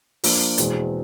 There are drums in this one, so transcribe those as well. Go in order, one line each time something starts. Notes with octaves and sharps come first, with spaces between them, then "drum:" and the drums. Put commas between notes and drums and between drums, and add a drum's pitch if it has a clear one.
F3 A#3 D4, drum: open hi-hat
E2 B2 G#3 C4, drum: hi-hat